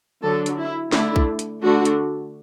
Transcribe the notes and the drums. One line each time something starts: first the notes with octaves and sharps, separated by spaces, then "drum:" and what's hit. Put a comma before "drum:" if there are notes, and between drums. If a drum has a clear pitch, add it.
D3 F#3 D4 A4
drum: hi-hat
E4
D3 A3 D4 E4, drum: snare
drum: kick
drum: hi-hat
D3 A3 D4 F#4
drum: hi-hat